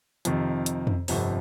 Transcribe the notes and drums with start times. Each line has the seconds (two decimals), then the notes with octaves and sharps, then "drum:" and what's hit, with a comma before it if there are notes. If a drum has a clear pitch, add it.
0.25 F2 C3 D#3, drum: hi-hat
0.66 drum: hi-hat
0.87 drum: tom F2
1.08 G1 F2 C3, drum: open hi-hat